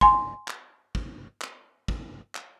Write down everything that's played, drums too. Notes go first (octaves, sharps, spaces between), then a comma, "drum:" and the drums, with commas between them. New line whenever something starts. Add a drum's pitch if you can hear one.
G#5 C6, drum: kick
drum: clap
drum: kick
drum: clap
drum: kick
drum: clap